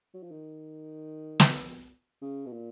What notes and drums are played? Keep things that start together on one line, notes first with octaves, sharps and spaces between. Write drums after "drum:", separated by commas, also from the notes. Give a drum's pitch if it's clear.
F#3
F3
D#3
drum: snare
C#3
B2
A#2